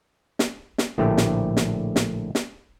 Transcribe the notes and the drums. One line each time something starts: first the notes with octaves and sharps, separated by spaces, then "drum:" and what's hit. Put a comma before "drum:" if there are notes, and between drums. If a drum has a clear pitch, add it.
drum: snare
drum: snare
A#1 A2 D3 A3 G4
drum: snare
drum: snare
drum: snare
drum: snare